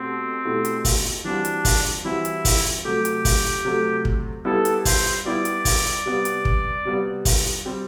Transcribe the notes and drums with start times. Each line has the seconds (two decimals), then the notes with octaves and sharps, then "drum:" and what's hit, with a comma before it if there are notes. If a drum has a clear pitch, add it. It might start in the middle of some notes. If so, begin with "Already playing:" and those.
Already playing: B2 A3 C4 G4
0.45 B2 A3 E4 G4
0.65 drum: hi-hat
0.85 drum: kick, open hi-hat
1.24 E3 G3 C4 D4 F#4
1.45 drum: hi-hat
1.65 drum: kick, open hi-hat
2.05 E3 G3 C4 E4 F#4
2.25 drum: hi-hat
2.45 drum: kick, open hi-hat
2.85 C3 F#3 A3 G4
3.05 drum: hi-hat
3.25 drum: kick, open hi-hat
3.65 C3 F#3 A3
4.05 drum: kick
4.45 G3 B3 E4 G4 A4
4.65 drum: hi-hat
4.85 C5, drum: kick, open hi-hat
5.25 G3 B3 E4 G4 D5
5.45 drum: hi-hat
5.65 drum: kick, open hi-hat
6.05 C3 G3 B3
6.25 drum: hi-hat
6.45 drum: kick
6.85 C3 G3 B3
7.25 drum: kick, open hi-hat
7.65 G3 C4 G4